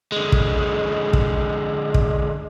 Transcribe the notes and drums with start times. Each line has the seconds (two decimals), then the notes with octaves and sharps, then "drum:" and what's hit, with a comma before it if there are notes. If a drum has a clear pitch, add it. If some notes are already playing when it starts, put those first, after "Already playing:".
0.12 D3 G#3
0.32 drum: kick
1.13 drum: kick
1.94 drum: kick